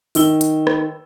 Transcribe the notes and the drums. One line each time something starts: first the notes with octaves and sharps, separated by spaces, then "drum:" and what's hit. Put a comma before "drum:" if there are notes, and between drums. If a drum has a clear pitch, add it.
D#3 E6 G7, drum: open hi-hat
drum: hi-hat
drum: rim click